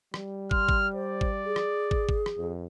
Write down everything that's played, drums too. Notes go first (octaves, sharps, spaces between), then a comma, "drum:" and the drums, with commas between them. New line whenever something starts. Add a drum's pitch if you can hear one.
G3, drum: rim click
C6 F6, drum: kick
drum: kick
C5 D5
drum: kick
G#4
drum: rim click
drum: kick
drum: kick
drum: rim click
F2